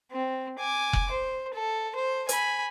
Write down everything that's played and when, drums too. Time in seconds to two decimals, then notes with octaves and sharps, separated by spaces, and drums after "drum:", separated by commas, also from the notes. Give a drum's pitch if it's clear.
0.11 C4
0.59 G#5 D6
0.93 drum: kick F1
1.11 C5
1.54 A4
1.96 C5
2.29 G#5 B5, drum: hi-hat